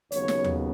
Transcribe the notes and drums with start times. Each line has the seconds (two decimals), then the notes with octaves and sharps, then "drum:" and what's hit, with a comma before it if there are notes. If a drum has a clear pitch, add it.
0.12 D#2 C#3 F#3 B3 C#5, drum: hi-hat
0.28 drum: snare
0.44 drum: tom D#2